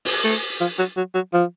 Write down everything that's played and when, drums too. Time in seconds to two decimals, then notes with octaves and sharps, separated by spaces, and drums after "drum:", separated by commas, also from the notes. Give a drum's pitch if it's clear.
0.05 drum: open hi-hat
0.24 A3
0.60 F3
0.79 F#3
0.97 F#3
1.15 F#3
1.33 F3